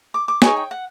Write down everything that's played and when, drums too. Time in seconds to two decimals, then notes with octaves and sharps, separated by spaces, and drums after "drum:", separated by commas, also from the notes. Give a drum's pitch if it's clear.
0.14 D6
0.28 D6
0.42 D#4 G#4 C#5 G#5, drum: snare
0.57 G5
0.71 F#5